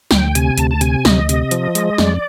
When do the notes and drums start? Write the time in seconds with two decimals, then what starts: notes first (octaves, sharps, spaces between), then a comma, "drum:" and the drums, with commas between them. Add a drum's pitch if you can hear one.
0.11 D2 G5, drum: snare
0.35 C3 G#5, drum: hi-hat
0.58 D2 A5, drum: hi-hat
0.71 A5
0.81 C3 G#5, drum: hi-hat
1.05 D2 D#5, drum: snare
1.29 C3, drum: hi-hat
1.51 F3, drum: hi-hat
1.75 G#3, drum: hi-hat
1.98 F2 D5, drum: snare